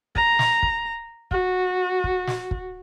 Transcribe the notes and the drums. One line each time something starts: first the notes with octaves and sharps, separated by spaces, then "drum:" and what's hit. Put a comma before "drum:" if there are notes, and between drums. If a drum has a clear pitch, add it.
A#5, drum: kick
drum: snare
drum: kick
F#4, drum: kick
drum: kick
drum: snare
drum: kick